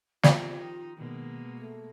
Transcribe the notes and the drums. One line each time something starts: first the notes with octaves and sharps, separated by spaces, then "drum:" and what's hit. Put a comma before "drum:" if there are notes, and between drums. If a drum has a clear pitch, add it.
F3 C4 F4 G4, drum: snare
D#3 D#4
B2 D#3 G#3 A#3
A3